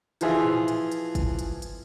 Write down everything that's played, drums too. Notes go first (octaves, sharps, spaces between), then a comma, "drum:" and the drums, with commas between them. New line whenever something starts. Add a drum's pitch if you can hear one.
E3 F3 F4 G#4 E5, drum: hi-hat
drum: tom A2
drum: hi-hat
drum: hi-hat
drum: kick, hi-hat
drum: hi-hat
drum: hi-hat